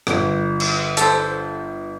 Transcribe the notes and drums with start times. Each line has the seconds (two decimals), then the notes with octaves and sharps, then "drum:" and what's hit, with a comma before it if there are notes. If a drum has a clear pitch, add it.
0.07 G1, drum: rim click
0.60 drum: cymbal
0.97 A4 C5, drum: hi-hat